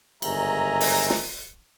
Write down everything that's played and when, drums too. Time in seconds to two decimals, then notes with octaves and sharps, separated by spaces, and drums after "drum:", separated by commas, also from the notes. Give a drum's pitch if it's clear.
0.22 G1 G#2 D#3 E5 G#5 A#5, drum: cymbal
0.80 drum: open hi-hat
1.10 drum: snare